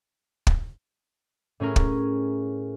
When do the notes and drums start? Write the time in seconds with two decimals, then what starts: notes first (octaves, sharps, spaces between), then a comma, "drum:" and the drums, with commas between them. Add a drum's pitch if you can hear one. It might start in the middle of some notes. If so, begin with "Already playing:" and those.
0.47 drum: kick
1.60 A2 C#4 G#4 A#4
1.76 drum: kick